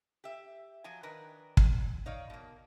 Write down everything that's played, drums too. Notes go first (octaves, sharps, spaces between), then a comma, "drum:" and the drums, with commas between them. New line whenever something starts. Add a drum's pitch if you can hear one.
G4 E5
F3 F#3 G#5
D#3 D4 A#4 B4
drum: kick
D#4 C#5 D5 F5
B2 A#3